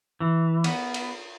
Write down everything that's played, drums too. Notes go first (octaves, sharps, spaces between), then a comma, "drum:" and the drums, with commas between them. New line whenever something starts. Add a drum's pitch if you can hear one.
E3
B3, drum: cymbal
drum: cymbal